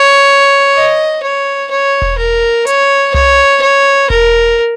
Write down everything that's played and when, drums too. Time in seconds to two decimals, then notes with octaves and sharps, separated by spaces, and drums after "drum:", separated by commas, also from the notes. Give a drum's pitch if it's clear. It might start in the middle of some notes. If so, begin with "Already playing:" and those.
Already playing: C#5
0.76 D#5
1.23 C#5
1.71 C#5
2.02 drum: kick E1
2.18 A#4
2.67 C#5, drum: hi-hat
3.14 C#5, drum: tom C2
3.62 C#5
4.10 A#4, drum: kick E1